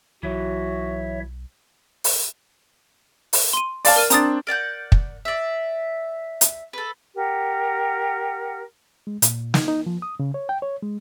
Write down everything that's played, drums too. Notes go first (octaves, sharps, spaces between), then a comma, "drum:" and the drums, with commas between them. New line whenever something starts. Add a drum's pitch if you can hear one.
B1 E3 F#3 F#4 C#5 E5
drum: open hi-hat
drum: open hi-hat
C6 D#7
D5 F5 A5, drum: open hi-hat
A#4 F6 D#7
C4 D4 A#5 D#6 A6, drum: hi-hat
A#4 D5 F#5 G6
drum: kick
D5 E5
drum: hi-hat
A4 B4
G4 A#4 F#5
G#3
A#2, drum: hi-hat
D#4, drum: snare
D#4
F3
D#6
C#3
C#5
G5
C#5
G#3